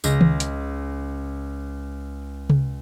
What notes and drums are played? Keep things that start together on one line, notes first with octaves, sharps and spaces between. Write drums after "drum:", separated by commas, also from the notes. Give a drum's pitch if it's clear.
C#2 A#6, drum: tambourine
drum: tom D#3
drum: hi-hat
drum: tom C3